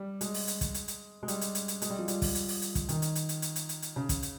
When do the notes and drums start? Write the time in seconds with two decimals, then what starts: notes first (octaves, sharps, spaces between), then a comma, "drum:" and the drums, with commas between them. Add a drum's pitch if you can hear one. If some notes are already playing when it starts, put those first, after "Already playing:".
Already playing: G3
0.21 G#3, drum: hi-hat
0.34 drum: open hi-hat
0.48 drum: hi-hat
0.61 drum: kick, hi-hat
0.74 drum: hi-hat
0.88 drum: hi-hat
1.23 G#3
1.28 G3, drum: hi-hat
1.41 drum: hi-hat
1.55 drum: hi-hat
1.68 drum: hi-hat
1.82 G#3, drum: hi-hat
1.90 G3
1.99 F3
2.08 G3, drum: hi-hat
2.22 drum: kick, open hi-hat
2.35 drum: hi-hat
2.49 drum: open hi-hat
2.62 drum: hi-hat
2.75 drum: kick, hi-hat
2.89 D#3, drum: hi-hat
3.02 drum: hi-hat
3.15 drum: hi-hat
3.29 drum: hi-hat
3.42 drum: hi-hat
3.56 drum: hi-hat
3.69 drum: hi-hat
3.82 drum: hi-hat
3.96 C#3
4.09 drum: kick, hi-hat
4.23 drum: hi-hat